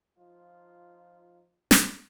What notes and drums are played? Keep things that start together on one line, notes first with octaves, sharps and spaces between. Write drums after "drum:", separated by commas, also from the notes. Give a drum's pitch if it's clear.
F3 D#4 F4
drum: snare